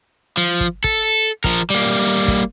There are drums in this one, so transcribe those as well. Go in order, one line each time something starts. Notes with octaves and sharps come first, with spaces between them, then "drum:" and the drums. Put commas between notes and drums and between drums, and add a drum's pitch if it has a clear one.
F3
drum: kick
A4, drum: kick
F3 A#4, drum: kick
G3 A#3
drum: kick